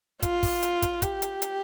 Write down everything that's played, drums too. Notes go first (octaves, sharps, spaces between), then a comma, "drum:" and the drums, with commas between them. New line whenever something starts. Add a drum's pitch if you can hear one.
F4, drum: kick, hi-hat
drum: kick, open hi-hat
drum: hi-hat
drum: kick, hi-hat
G4, drum: kick, hi-hat
drum: hi-hat
drum: hi-hat